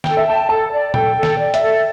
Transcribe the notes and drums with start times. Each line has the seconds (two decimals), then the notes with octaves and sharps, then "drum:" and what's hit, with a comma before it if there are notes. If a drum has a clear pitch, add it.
0.04 A4 G5, drum: snare
0.17 E5
0.26 G5 A5
0.49 A4 A5
0.71 D5
0.94 A4 G5, drum: tom A#2
1.16 A4
1.23 G5, drum: snare
1.38 D5
1.54 E5, drum: hi-hat
1.61 A4